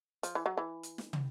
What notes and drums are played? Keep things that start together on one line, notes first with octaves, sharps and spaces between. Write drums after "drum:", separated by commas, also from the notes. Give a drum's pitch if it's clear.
F3, drum: hi-hat
E3
F#3
E3
drum: hi-hat
drum: snare
drum: tom